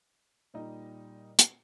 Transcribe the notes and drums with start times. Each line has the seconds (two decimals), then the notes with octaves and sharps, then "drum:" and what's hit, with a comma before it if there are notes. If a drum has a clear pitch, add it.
0.54 A#2 G3 D#4 D#5
1.39 drum: hi-hat